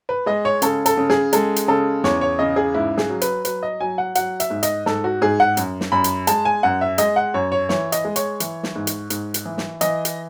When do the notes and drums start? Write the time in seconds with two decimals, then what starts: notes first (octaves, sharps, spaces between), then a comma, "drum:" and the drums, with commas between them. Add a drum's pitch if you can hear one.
0.09 B4
0.26 G#3 D#5
0.45 C#5
0.62 C#3 A4, drum: hi-hat
0.86 A4, drum: hi-hat
0.97 C#3
1.10 G#4, drum: snare
1.33 G#3 A4, drum: hi-hat
1.56 drum: hi-hat
1.68 C#3 A4
2.04 E2 C#5, drum: snare
2.21 C#5
2.39 C#3 D#5
2.56 G#4
2.74 G#2 E4
2.98 G#4, drum: snare
3.09 F#3
3.21 B4, drum: hi-hat
3.45 F#3 B4, drum: hi-hat
3.63 D#5
3.80 F#3 G#5
3.98 F#5
4.15 F#3 F#5, drum: hi-hat
4.40 E5, drum: hi-hat
4.50 G#2
4.63 D#5, drum: hi-hat
4.86 G#2 A4, drum: snare
5.04 F#4
5.22 G#2 G#4
5.40 F#5
5.57 F#2, drum: hi-hat
5.81 drum: snare
5.92 F#2 B5
6.04 drum: hi-hat
6.27 G#3 A5, drum: hi-hat
6.45 G#5
6.63 F#2 F#5
6.81 E5
6.98 G#3 D#5, drum: hi-hat
7.16 F#5
7.34 F#2 C#5
7.52 C#5
7.69 E3 C#5, drum: snare
7.92 D#5, drum: hi-hat
8.05 G#3
8.16 C#5, drum: hi-hat
8.40 E3, drum: hi-hat
8.63 drum: snare
8.76 G#2
8.87 drum: hi-hat
9.10 G#2, drum: hi-hat
9.34 drum: hi-hat
9.46 E3
9.58 drum: snare
9.81 E3 D#5, drum: hi-hat
10.05 drum: hi-hat